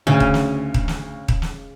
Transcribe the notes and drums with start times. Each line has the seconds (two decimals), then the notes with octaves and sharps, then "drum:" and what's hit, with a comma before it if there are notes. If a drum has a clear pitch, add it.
0.07 D2 C#3
0.20 drum: kick D#1
0.34 drum: snare
0.74 drum: kick D#1
0.88 drum: snare
1.28 drum: kick D#1
1.42 drum: snare